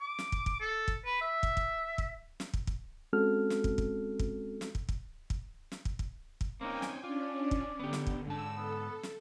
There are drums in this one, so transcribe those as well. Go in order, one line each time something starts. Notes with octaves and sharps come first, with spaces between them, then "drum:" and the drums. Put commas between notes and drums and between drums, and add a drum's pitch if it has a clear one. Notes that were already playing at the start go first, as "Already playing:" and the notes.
D6
drum: snare
drum: kick
drum: kick
A4
drum: kick
B4
E5
drum: kick
drum: kick
drum: kick
drum: snare
drum: kick
drum: kick
G#3 C4 C#4 F#4 A4 F6
drum: snare
drum: kick
drum: kick
drum: kick
drum: snare
drum: kick
drum: kick
drum: kick
drum: snare
drum: kick
drum: kick
drum: kick
A#3 C4 C#4 D#4 G5 G#5
drum: snare
C#4 D4 F4 D5
drum: kick
D3 B3 G4
drum: snare
drum: kick
G#2 A5 E6
B3 A4
drum: snare